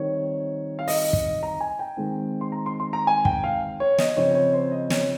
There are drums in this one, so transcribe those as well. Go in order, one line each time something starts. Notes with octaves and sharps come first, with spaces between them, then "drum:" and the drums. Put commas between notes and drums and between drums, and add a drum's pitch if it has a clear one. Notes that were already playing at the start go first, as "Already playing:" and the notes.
Already playing: D#3 G3 C4 C#5
F5
D#5, drum: open hi-hat
drum: kick
A#5
G#5
G5
D#3 G#3 C4
C6
A#5
C6
C6
A#5
G#5
G5, drum: kick
F5
C#5
D#5, drum: snare
C#3 F3 C4 C#5
C#5
C5
D#5
C#5, drum: snare